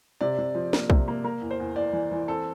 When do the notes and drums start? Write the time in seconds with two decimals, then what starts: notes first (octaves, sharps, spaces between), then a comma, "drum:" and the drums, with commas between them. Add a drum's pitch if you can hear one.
0.21 C3 D5
0.38 C3
0.55 F3
0.73 A#3, drum: snare
0.90 C3, drum: kick B1
1.08 A#3
1.24 A#3 A#4
1.42 E2
1.51 C5
1.60 E2
1.76 E2 D5
1.93 E3
2.11 E3
2.28 C4 A4